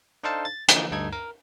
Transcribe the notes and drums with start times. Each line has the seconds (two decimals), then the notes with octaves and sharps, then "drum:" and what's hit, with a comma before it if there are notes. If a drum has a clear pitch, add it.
0.23 D4 D#4 A4 C5 F5 A5
0.45 A6
0.68 D3 E3 F3 A#3 D#4, drum: hi-hat
0.91 D2 G2 D#4 A4 G#6
1.13 A#4